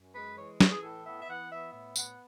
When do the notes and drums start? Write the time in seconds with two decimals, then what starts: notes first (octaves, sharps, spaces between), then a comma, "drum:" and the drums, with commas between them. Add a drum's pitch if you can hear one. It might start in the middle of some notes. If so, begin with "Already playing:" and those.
Already playing: F#2
0.15 G#3 B4
0.37 E3 C#5
0.60 E3 F#4, drum: snare
0.71 G#4
0.82 A2 A4
1.05 B3 E5
1.22 E5
1.28 E3 F#5
1.50 B3 E5
1.73 A2 E5
1.96 B3 F#5, drum: tambourine